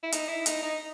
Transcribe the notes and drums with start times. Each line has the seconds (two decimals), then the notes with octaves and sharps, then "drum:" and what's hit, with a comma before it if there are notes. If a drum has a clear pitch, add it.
0.03 E4
0.12 D#4, drum: hi-hat
0.28 E4
0.46 D#4, drum: hi-hat
0.62 D#4